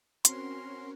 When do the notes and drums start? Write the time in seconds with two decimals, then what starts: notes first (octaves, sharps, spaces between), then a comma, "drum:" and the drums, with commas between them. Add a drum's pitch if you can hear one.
0.25 C4 C#4 F#4 A#4 C6, drum: hi-hat